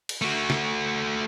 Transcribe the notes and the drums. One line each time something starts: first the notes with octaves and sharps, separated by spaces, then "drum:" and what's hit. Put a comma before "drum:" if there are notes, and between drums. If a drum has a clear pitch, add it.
drum: cymbal
A3 F#4
drum: snare